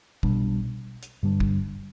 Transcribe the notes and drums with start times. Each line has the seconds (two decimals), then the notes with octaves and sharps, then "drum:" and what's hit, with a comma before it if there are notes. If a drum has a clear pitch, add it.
0.23 B1 B2 G3 D4, drum: kick
1.03 drum: hi-hat
1.23 G2 D3 G3 D4
1.40 drum: kick